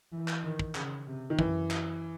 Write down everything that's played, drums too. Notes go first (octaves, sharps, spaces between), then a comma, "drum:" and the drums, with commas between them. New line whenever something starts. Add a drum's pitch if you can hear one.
E3
drum: clap
D#3
drum: kick
C#3, drum: clap
C3
D#3
F#2 E3, drum: kick
drum: clap